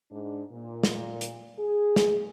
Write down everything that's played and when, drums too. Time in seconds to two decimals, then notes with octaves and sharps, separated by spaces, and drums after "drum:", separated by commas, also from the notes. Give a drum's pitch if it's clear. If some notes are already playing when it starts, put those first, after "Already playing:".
0.12 G#2 D4
0.52 A#2
0.83 drum: snare
1.21 drum: hi-hat
1.59 G#4
1.96 drum: snare